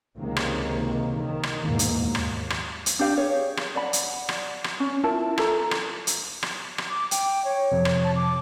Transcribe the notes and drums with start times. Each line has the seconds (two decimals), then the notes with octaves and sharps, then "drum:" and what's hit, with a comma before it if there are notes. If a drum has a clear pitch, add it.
0.17 C#2 C3 D#3 G#3 A#3
0.36 drum: rim click
1.14 D#3
1.43 drum: rim click
1.63 E2 G#2 B2 A#3
1.79 drum: hi-hat
2.04 D#2
2.15 drum: rim click
2.50 drum: rim click
2.86 drum: hi-hat
2.99 D4 G4 F5
3.17 G#4 C#5
3.57 drum: rim click
3.75 D5 F#5 B5
3.93 drum: hi-hat
4.29 drum: rim click
4.64 drum: rim click
4.80 C#4
5.04 E4 F4 A#4 A5
5.38 F4 A4 A#5, drum: rim click
5.71 drum: rim click
6.07 drum: hi-hat
6.43 drum: rim click
6.78 drum: rim click
6.90 D6
7.11 G5, drum: hi-hat
7.45 C#5
7.71 F2 C3 F3
7.85 drum: rim click
8.04 A5
8.16 D6